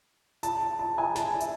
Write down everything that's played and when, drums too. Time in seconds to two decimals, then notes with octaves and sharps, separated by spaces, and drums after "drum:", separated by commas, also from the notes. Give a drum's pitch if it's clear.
0.43 A5, drum: hi-hat
0.62 A5
0.79 A5
0.98 G#5
1.16 A5, drum: snare
1.40 E5, drum: hi-hat